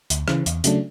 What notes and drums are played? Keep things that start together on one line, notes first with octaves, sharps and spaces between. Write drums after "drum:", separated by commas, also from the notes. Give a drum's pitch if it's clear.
D2, drum: hi-hat
C#3 E3, drum: rim click
E2, drum: hi-hat
C#3 F#3 A3 D4, drum: hi-hat